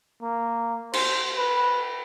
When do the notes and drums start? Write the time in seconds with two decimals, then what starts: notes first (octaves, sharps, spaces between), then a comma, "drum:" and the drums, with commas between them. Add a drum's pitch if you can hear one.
0.22 A#3
0.93 C5, drum: cymbal
1.37 B4